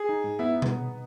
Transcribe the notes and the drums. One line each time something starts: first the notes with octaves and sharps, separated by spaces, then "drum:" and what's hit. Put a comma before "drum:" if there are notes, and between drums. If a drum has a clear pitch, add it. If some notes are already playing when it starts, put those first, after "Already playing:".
Already playing: G#4
D#4
G#2
B3 E4
drum: tom B2